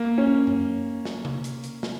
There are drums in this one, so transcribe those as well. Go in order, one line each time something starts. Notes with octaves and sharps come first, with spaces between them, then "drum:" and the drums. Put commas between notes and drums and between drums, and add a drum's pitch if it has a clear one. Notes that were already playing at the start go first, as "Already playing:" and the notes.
Already playing: A#3
C#4
drum: tom F#2
drum: snare
drum: tom C3
drum: hi-hat
drum: hi-hat
drum: snare